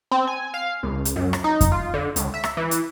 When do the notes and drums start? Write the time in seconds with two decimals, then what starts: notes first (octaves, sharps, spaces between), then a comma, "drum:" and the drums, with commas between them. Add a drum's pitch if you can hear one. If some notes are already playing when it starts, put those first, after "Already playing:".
0.11 C4
0.27 G#5
0.54 F5
0.83 C#2
1.05 drum: hi-hat
1.16 F#2
1.33 drum: rim click
1.44 D#4
1.61 drum: kick F2, hi-hat
1.72 F4
1.94 D3
2.16 C#2, drum: hi-hat
2.34 E5
2.44 drum: rim click
2.57 E3
2.71 drum: hi-hat